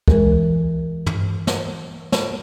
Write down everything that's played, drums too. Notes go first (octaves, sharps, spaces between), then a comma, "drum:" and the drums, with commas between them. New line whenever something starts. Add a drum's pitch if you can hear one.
E3 G#3 A#4, drum: kick
drum: tom
drum: snare
drum: snare